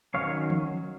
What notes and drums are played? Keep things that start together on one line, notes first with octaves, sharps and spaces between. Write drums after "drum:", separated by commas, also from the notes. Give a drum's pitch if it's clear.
D#3 F#3 C#4 C#5 F5
drum: tom E3